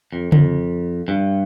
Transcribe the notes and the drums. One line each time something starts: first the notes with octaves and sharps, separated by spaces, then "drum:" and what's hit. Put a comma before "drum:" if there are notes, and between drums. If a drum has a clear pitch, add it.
F2
F2, drum: tom C#3
G2